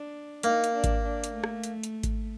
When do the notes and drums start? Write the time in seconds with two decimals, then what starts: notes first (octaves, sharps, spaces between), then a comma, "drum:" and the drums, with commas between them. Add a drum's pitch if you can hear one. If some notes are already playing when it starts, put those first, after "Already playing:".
Already playing: D4
0.43 A#3 D#4, drum: hi-hat
0.64 drum: hi-hat
0.74 D4
0.84 drum: kick G#1, hi-hat
1.03 D4
1.24 drum: hi-hat
1.34 A3
1.44 drum: rim click
1.64 drum: hi-hat
1.83 drum: hi-hat
2.03 drum: kick G#1, hi-hat